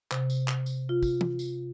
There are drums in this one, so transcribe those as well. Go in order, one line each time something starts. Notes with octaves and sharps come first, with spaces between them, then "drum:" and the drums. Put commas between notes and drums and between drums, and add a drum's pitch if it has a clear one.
C3, drum: clap
drum: tambourine
drum: clap
drum: tambourine
F4
drum: kick, tambourine
drum: tom
drum: tambourine